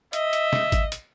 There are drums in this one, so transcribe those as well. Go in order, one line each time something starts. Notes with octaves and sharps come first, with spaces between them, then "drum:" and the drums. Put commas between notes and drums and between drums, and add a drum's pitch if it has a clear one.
D#5 E5, drum: hi-hat
drum: hi-hat
drum: snare
drum: kick G#1, hi-hat
drum: hi-hat